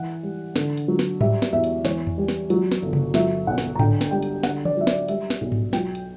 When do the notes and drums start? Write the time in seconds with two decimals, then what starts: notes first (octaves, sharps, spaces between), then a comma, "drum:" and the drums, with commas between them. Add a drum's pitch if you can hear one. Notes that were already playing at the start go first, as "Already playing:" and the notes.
Already playing: E3 F#5
0.23 G3
0.56 D3, drum: snare
0.77 drum: hi-hat
0.88 F#3
0.99 drum: snare
1.21 G3 E5, drum: tom G#2
1.42 drum: snare
1.53 E2 E5
1.64 drum: hi-hat
1.85 E3 C#5, drum: snare
2.07 drum: tom E2
2.18 G3
2.28 drum: snare
2.50 F#3, drum: hi-hat
2.72 drum: snare
2.82 G1
2.93 drum: tom C3
3.14 F#3 E5, drum: snare
3.47 B1 F#5
3.58 drum: snare
3.75 A#5
3.79 D3 G5, drum: tom G#2
4.01 drum: snare
4.11 G3 G5
4.22 drum: hi-hat
4.43 D3 F#5, drum: snare
4.65 D5, drum: tom D#3
4.77 F#3 E5
4.87 D5, drum: snare
5.08 G3 E5, drum: hi-hat
5.30 drum: snare
5.41 B1
5.52 drum: tom G#2
5.73 F#3 G5, drum: snare
5.95 drum: hi-hat